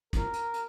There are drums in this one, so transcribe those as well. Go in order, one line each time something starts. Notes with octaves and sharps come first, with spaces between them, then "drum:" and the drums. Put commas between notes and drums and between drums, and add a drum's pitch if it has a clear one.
A#4, drum: kick, hi-hat
drum: hi-hat
drum: hi-hat